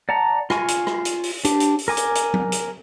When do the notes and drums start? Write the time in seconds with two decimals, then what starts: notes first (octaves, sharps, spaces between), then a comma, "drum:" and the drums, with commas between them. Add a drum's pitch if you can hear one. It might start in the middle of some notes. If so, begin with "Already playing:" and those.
0.09 D5 F#5 A5 A#5
0.50 F4 F5 G#5 C#6, drum: rim click
0.68 drum: hi-hat
0.87 drum: rim click
1.05 drum: hi-hat
1.23 drum: open hi-hat
1.45 D4 G4, drum: hi-hat
1.60 drum: hi-hat
1.79 drum: open hi-hat
1.88 A#4 G#5 D6
1.97 drum: hi-hat
2.15 drum: hi-hat
2.34 drum: tom F#3
2.52 drum: hi-hat